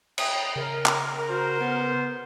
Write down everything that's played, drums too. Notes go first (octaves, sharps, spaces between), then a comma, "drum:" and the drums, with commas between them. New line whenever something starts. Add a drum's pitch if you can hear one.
G5 A#5 D#6, drum: cymbal
C#3 A#4 A#5
drum: clap
F#4 C5
B3